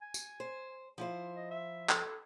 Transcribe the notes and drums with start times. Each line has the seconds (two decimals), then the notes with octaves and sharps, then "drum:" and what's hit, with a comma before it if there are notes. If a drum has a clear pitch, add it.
0.02 G#5
0.14 drum: tambourine
0.40 C5
0.98 F3 E4 C5
1.36 D#5
1.51 E5
1.89 A4, drum: clap